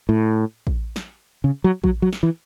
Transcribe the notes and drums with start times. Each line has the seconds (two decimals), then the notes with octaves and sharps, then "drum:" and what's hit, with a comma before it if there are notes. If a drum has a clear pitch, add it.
0.09 A2
0.67 drum: kick A1
0.96 drum: snare
1.44 C#3
1.64 F#3
1.84 F#3, drum: kick A1
2.02 F#3
2.13 drum: snare
2.23 E3